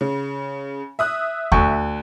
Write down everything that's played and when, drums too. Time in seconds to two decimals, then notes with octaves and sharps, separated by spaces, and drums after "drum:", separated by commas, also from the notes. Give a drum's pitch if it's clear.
0.01 C#3
0.99 E5 D#6 F#6
1.52 D2 C#6, drum: kick D#2